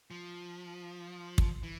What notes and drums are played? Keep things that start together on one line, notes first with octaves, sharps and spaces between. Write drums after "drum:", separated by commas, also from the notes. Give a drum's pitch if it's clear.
F3
drum: kick
E3